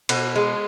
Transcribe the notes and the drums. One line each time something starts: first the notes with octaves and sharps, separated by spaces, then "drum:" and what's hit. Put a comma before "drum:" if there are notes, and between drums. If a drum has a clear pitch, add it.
B2, drum: cymbal
G#3